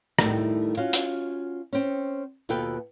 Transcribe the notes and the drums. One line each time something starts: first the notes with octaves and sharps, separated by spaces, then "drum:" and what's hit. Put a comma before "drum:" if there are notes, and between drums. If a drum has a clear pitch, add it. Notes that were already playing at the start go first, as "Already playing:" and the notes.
A2 D#3 F3 G3 A3 D#4, drum: rim click
C#4 F4 F#4 F5
drum: hi-hat
C4 C#4
D#2 B2 F4 A4 B4 G5